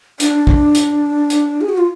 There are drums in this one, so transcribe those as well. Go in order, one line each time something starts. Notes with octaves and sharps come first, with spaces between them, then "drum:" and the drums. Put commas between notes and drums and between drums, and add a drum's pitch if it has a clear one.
D4, drum: hi-hat
drum: kick
drum: hi-hat
drum: hi-hat
G#4
F#4
F4